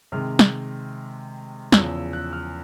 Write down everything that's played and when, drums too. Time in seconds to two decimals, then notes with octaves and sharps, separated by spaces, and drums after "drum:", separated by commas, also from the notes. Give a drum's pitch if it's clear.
0.12 C3 D#3 G#3 F6
0.39 drum: snare
1.72 E2 C#3 F3 E6, drum: snare
2.13 F#6
2.33 F6